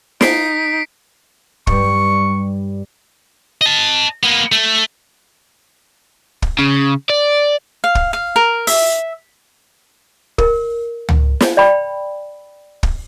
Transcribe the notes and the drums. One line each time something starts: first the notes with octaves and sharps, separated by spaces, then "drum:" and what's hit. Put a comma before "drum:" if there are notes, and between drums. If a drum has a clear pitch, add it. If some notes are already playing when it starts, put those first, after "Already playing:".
D#4 B6 C7 D7, drum: snare
G2 G3 C#6, drum: kick
D#5 A5
A#3 B3
A3
drum: kick
C#3
D5
F5
drum: kick
F5
A#4
E5, drum: open hi-hat
A#4, drum: kick
drum: tom
drum: snare
D5 G5 B5
drum: kick